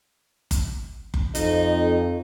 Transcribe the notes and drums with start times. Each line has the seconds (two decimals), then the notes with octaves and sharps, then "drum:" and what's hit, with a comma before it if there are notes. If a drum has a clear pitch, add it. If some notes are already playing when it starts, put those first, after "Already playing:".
0.51 drum: kick F#1, hi-hat
1.14 drum: kick F#1
1.35 F2 D#4, drum: hi-hat